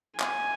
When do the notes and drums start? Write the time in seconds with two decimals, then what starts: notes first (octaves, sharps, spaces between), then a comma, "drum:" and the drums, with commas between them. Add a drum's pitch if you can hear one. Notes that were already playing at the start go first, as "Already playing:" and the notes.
0.20 G#5, drum: clap